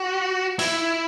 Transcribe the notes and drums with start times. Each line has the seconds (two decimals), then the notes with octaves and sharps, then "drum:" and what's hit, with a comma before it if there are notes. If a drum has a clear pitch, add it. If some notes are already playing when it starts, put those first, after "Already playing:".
Already playing: F#4
0.59 E4, drum: open hi-hat